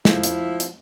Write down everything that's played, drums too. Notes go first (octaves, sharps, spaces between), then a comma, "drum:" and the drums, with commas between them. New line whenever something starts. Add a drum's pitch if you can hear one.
F3 E4, drum: snare
drum: hi-hat
drum: hi-hat